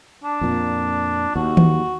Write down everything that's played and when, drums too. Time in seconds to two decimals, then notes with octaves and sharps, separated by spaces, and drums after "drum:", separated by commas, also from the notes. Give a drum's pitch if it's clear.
0.24 D4
0.41 F2 A#2
1.36 D#2 F#4
1.57 drum: tom D#3